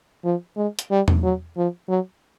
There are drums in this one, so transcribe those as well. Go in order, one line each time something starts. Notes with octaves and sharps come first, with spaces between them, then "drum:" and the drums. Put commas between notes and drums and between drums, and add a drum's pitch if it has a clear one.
F3
G#3
drum: hi-hat
G3
drum: tom E2
F#3
F3
F#3